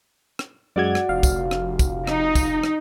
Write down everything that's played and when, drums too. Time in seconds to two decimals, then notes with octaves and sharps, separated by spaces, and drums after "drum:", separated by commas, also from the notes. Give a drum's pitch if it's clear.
0.39 drum: rim click
0.76 F#2 G#3 F#4 D5 G#6
0.95 drum: rim click
1.09 F1 F5
1.23 drum: kick, tambourine
1.51 drum: rim click
1.79 drum: kick, tambourine
2.07 D#4, drum: rim click
2.35 drum: kick, tambourine
2.64 drum: rim click